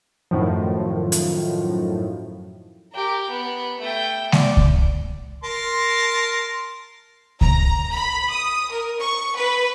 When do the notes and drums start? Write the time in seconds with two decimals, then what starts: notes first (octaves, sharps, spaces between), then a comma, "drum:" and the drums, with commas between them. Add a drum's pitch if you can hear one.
0.31 F#2 A2 D#3 F3
1.12 drum: hi-hat
2.93 G4 A#4
3.30 B3
3.80 A3 G5
4.32 D5, drum: snare G#3
4.57 drum: kick C#2
5.44 A#4 A5 C6
7.41 A#5, drum: kick C#2
7.93 B5
8.29 D#6
8.72 A#4
9.00 C#6
9.38 B4